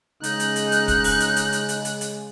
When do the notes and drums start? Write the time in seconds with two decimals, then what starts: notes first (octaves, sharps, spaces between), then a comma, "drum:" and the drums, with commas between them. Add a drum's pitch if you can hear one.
0.24 C#3 G#3 D#4 F#6, drum: hi-hat
0.40 drum: hi-hat
0.56 drum: hi-hat
0.72 drum: hi-hat
0.88 drum: kick, hi-hat
1.04 drum: open hi-hat
1.20 drum: hi-hat
1.36 drum: hi-hat
1.53 drum: hi-hat
1.69 drum: hi-hat
1.85 drum: hi-hat
2.01 drum: hi-hat